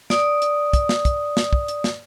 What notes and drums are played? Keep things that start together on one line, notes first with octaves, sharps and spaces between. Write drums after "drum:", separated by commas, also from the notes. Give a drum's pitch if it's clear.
D5 D#6, drum: snare
drum: hi-hat
drum: kick, hi-hat
drum: snare
drum: kick, hi-hat
drum: snare
drum: kick
drum: hi-hat
drum: snare